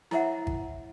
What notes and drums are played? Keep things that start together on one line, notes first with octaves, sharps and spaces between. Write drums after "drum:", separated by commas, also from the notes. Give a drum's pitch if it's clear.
E4 A#4 C#5 E5 F#5, drum: snare
drum: kick G#1